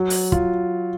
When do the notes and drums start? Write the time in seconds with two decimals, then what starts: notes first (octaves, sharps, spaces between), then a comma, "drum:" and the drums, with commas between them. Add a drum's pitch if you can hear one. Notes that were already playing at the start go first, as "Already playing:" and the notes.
Already playing: F#3
0.10 drum: open hi-hat
0.32 F4, drum: kick